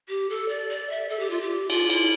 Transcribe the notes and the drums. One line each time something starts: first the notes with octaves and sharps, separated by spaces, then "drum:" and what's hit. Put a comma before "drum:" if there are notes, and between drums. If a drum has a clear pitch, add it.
G4
A4
D5
D5
E5
A4
G4
F4
G4
F4, drum: cymbal
E4, drum: cymbal